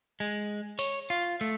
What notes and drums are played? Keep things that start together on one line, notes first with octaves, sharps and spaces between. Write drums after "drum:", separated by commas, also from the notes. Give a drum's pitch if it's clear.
G#3
C#5, drum: open hi-hat
F4
A3